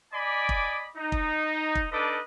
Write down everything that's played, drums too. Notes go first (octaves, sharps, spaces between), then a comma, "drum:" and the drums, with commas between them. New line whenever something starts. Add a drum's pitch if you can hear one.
D5 D#5 G#5 B5 D6
drum: kick
D#4
drum: kick
drum: kick
D4 D#4 A4 B4 D#5 D6